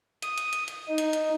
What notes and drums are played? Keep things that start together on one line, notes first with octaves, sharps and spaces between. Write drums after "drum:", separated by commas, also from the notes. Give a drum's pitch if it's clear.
D#6, drum: hi-hat
drum: hi-hat
drum: hi-hat
drum: hi-hat
D#4
drum: hi-hat
drum: hi-hat